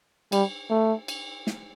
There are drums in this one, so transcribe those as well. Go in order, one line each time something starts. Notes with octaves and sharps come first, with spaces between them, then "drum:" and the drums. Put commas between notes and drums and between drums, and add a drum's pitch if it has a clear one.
G3, drum: cymbal
A3
drum: cymbal
drum: snare